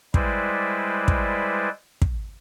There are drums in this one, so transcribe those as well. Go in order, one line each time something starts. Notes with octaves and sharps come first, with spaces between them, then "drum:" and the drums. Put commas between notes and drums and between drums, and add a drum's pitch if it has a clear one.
G3 G#3 E4 B4 C5 D5, drum: kick
drum: kick
drum: kick